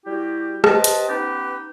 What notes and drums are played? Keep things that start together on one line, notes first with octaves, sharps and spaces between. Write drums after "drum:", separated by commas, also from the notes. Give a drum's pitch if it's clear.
G3 E4 F#4 G4
G4 B4 C5 D#5 A5, drum: rim click
drum: hi-hat
B3 C#4 D#4 G4 B4